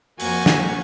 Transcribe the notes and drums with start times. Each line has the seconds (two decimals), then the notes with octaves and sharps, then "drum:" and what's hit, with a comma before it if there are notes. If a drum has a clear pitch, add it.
0.20 F2 A#3 F#4 G#5, drum: open hi-hat
0.46 drum: snare